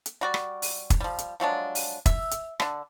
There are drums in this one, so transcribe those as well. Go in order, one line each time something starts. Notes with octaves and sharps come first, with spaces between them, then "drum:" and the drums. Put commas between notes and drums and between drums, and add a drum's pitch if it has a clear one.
drum: hi-hat
G3 F#4 D5
drum: rim click
drum: open hi-hat
drum: kick, hi-hat
F3 G3
drum: hi-hat
F3 F#3 G#3 D4
drum: open hi-hat
E5, drum: kick, hi-hat
drum: hi-hat
D3 D4, drum: rim click